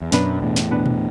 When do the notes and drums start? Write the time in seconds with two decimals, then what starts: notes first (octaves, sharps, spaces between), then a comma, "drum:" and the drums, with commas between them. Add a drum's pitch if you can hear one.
0.02 E2
0.12 F#2 B2 B3 D4 B4, drum: snare
0.42 E2 A2
0.56 drum: snare
0.71 B2 B3 D4 B4
0.86 drum: tom A#2